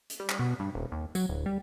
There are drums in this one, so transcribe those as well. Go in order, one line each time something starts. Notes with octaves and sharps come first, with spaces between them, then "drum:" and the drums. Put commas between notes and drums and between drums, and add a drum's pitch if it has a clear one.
drum: hi-hat
G3
drum: clap
B2
G2
D#1
D#2
F#3, drum: tambourine
D1
G3